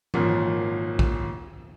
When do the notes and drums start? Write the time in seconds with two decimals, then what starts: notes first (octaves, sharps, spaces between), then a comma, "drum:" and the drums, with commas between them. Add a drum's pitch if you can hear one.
0.14 G#1 A#2 F3 F#3, drum: tom E3
0.99 drum: kick A#1